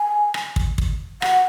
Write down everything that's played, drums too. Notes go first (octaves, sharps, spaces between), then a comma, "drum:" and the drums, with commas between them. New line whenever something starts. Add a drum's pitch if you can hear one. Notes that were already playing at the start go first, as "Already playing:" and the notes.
Already playing: G#5
drum: rim click
drum: kick
drum: kick
F#5, drum: rim click